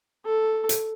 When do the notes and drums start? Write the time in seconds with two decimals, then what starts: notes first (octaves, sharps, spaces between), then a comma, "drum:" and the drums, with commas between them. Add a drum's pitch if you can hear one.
0.26 A4
0.69 drum: hi-hat